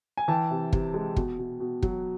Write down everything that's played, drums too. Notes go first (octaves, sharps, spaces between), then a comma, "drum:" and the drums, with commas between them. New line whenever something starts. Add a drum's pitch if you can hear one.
G#5
E3 G5 A5
C3
C3, drum: kick
G#3
B2, drum: kick
B2
B2
F#3, drum: kick